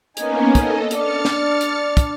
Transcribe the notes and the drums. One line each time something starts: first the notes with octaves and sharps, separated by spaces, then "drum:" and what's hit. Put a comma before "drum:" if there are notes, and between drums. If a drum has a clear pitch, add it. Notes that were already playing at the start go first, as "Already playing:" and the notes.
A#3 B3 C#4 D#4 G#5, drum: hi-hat
A4 D#5, drum: kick, hi-hat
D4 F6 A6 C#7, drum: hi-hat
drum: snare
drum: hi-hat
drum: kick, hi-hat